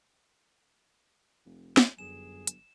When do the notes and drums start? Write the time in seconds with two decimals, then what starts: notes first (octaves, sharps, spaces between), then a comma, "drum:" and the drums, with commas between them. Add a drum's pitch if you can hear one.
1.46 F1
1.77 drum: snare
1.99 G1 F#2 G#4 E7
2.47 drum: hi-hat